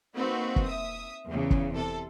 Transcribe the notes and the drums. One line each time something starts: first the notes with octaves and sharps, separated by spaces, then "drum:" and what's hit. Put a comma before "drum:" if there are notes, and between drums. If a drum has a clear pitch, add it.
A#3 C4 D#4 F#4 B4
drum: kick
E5 D#6
E2 C#3
drum: kick
C3 A4